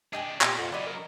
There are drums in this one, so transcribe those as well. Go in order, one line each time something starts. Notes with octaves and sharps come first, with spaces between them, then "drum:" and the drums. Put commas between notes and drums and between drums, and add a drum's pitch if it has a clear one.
G#3 D4 D#5 G5 G#5
A#2 G4 C5 D#5, drum: clap
F2 F#5
C#3 F#3 D5 D#5 B5
A#4